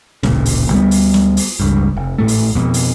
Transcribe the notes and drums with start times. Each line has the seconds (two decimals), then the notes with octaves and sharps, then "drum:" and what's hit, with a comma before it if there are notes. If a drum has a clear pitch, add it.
0.23 D1 A1 A#2 C#3, drum: snare
0.46 drum: open hi-hat
0.70 D2 G3 B3
0.91 drum: open hi-hat
1.14 drum: snare
1.37 drum: open hi-hat
1.60 G1 C#2 G2
1.97 F1
2.18 G#1 A2 A3
2.28 drum: open hi-hat
2.55 F2 B2
2.74 drum: open hi-hat